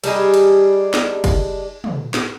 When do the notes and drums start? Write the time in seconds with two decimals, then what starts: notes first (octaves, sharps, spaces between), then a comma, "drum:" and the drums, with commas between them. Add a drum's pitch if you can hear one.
0.04 G3 D4 D#4 G#4, drum: cymbal
0.34 drum: cymbal
0.94 drum: snare
1.24 drum: kick F#1, cymbal
1.84 drum: tom
2.14 drum: snare